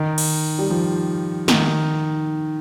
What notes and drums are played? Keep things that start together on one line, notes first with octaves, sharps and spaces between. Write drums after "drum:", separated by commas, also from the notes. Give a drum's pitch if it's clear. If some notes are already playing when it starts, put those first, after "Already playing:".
Already playing: D#3
drum: cymbal
G3
F3
D#3, drum: snare